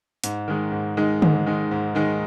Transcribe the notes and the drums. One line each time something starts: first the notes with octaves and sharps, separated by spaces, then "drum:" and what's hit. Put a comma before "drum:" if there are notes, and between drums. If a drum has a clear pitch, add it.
G#2, drum: hi-hat
D#3 G#3 D#4
G#2
D#3 G#3 D#4
G#2, drum: tom D3
D#3 G#3 D#4
G#2
D#3 G#3 D#4